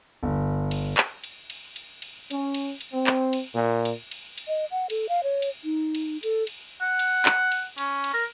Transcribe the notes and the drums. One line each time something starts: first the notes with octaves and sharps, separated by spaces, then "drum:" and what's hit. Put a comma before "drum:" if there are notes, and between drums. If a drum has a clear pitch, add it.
G1
drum: cymbal
drum: clap
drum: cymbal
drum: cymbal
drum: cymbal
drum: cymbal
C#4, drum: cymbal
drum: cymbal
drum: cymbal
C4
drum: clap
drum: cymbal
A#2
drum: cymbal
drum: cymbal
drum: cymbal
D#5
F#5
A4, drum: cymbal
F5
C#5
drum: cymbal
D#4
drum: cymbal
A4, drum: cymbal
drum: cymbal
F#5
drum: cymbal
drum: clap
drum: cymbal
C#4, drum: cymbal
drum: cymbal
A#4